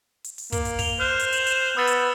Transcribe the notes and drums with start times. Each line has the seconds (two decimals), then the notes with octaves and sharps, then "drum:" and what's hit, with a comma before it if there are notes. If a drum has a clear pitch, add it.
0.24 drum: hi-hat
0.38 drum: open hi-hat
0.52 A#3, drum: kick, hi-hat
0.65 drum: hi-hat
0.79 F7 G7, drum: kick, open hi-hat
1.00 C5 F6 F#6
1.19 drum: hi-hat
1.32 E7 F#7, drum: hi-hat
1.47 drum: hi-hat
1.77 B3 D#6 E6 A6
1.87 drum: hi-hat